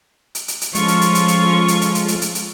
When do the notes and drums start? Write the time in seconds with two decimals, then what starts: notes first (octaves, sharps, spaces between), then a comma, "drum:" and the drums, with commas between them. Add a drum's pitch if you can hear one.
0.35 drum: hi-hat
0.48 drum: hi-hat
0.61 drum: hi-hat
0.75 F3 G#3 C#4 F4 A4 C#6, drum: hi-hat
0.88 drum: hi-hat
1.01 drum: hi-hat
1.15 drum: hi-hat
1.28 drum: hi-hat
1.68 drum: hi-hat
1.82 drum: hi-hat
1.95 drum: hi-hat
2.08 drum: hi-hat
2.22 drum: hi-hat
2.35 drum: hi-hat